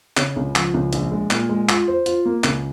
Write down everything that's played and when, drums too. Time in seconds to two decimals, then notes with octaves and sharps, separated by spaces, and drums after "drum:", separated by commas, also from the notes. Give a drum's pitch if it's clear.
0.17 C#3, drum: clap
0.36 C#2
0.56 F3, drum: clap
0.74 C#2
0.93 A#1, drum: hi-hat
1.12 G#3
1.31 A#2, drum: clap
1.49 G#3
1.69 F4, drum: clap
1.88 C5
2.06 F4, drum: hi-hat
2.25 A#3
2.44 C#2, drum: clap